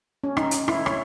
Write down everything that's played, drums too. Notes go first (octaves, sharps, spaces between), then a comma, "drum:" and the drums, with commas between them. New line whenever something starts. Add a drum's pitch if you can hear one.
C#4
D#4, drum: rim click
drum: hi-hat
E4, drum: rim click
C#5, drum: rim click